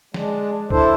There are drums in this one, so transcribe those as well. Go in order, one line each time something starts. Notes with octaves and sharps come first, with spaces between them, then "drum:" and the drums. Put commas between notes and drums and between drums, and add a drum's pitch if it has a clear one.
G#3 D4, drum: snare
D4 E4 A4 C5, drum: kick C2